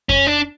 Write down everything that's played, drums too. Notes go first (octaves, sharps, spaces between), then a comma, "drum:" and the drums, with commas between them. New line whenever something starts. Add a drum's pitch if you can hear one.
C#4, drum: kick F2
D4